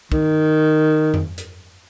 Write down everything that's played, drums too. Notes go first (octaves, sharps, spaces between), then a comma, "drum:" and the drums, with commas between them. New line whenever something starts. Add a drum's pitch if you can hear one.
D#3, drum: kick
drum: tom F2
drum: hi-hat